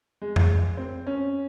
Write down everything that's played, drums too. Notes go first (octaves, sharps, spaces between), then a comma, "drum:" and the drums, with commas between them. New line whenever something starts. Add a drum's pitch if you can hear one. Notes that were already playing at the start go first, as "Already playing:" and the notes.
G#3
drum: tom F2
C4
C#4